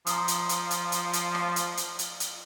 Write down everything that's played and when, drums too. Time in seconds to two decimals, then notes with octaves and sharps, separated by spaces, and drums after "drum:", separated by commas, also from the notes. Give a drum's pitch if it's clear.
0.07 F3 A#5 D#6, drum: hi-hat
0.28 drum: hi-hat
0.49 drum: hi-hat
0.71 drum: hi-hat
0.92 drum: hi-hat
1.13 drum: hi-hat
1.35 drum: rim click
1.56 drum: hi-hat
1.77 drum: hi-hat
1.99 drum: hi-hat
2.20 drum: hi-hat